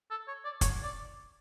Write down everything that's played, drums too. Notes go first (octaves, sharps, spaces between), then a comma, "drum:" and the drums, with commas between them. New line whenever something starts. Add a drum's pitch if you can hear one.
A4
C#5
D5
C#5, drum: kick, hi-hat
D5